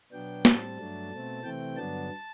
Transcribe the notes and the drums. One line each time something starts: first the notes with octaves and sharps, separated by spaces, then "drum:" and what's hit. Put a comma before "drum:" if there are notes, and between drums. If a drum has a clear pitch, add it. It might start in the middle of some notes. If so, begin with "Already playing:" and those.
B2 F#3 B3 D4 G5
A2 G3 C4 A5, drum: snare
G2 F#3 A3 D4
B2 A3 C4
C3 E3 A3 C4 G5
G2 D3 F#3 B3 D4 A5